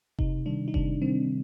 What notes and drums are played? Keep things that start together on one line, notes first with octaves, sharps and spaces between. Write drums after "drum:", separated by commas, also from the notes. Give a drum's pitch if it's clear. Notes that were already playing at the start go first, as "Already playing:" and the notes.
C3 D#4, drum: kick F1
D#3 G3 D4
D#4
C3 D4, drum: kick F1
D#3 G3 C4